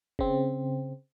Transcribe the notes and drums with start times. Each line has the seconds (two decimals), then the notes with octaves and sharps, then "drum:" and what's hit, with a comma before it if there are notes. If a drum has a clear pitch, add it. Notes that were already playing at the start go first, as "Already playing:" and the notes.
0.19 C#3 C4, drum: kick